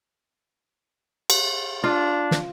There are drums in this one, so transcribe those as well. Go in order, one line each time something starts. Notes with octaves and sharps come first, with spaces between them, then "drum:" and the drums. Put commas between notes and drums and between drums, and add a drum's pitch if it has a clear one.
drum: cymbal
D4 F4
drum: snare